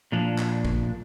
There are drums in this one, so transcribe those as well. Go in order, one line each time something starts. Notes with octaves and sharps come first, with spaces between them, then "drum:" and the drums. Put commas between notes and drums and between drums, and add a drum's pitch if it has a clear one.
A#2 F3 D4
drum: clap
drum: kick